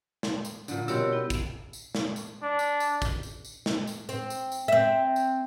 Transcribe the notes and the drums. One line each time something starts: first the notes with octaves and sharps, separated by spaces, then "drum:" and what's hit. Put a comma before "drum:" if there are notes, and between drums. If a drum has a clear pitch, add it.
drum: snare
drum: tambourine
A#2 D3, drum: tambourine
B2 G3 C4 F#4 G4 A#4 C#5 E6, drum: tambourine
B3 E4
drum: kick, tambourine
drum: tambourine
drum: snare
drum: tambourine
D4
drum: tambourine
drum: tambourine
drum: kick, tambourine
drum: tambourine
drum: tambourine
drum: snare
drum: tambourine
C4, drum: tambourine
drum: tambourine
drum: tambourine
C4 E5
drum: tambourine